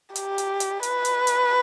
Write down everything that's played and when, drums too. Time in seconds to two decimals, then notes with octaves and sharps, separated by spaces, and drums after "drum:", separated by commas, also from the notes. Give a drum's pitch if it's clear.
0.16 G4, drum: hi-hat
0.38 drum: hi-hat
0.60 drum: hi-hat
0.83 B4, drum: hi-hat
1.05 drum: hi-hat
1.27 drum: hi-hat